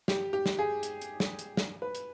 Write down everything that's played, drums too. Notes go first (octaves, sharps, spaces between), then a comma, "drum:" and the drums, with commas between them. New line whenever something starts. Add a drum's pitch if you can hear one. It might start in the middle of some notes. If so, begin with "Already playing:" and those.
G4, drum: snare
G4
drum: snare
G#4
drum: hi-hat
drum: hi-hat
drum: snare
drum: hi-hat
drum: snare
B4
drum: hi-hat